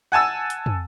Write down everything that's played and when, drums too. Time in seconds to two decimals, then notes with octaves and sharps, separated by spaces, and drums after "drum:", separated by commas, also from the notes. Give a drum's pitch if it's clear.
0.12 F#5 G#5 A5 E6
0.50 drum: hi-hat
0.66 drum: tom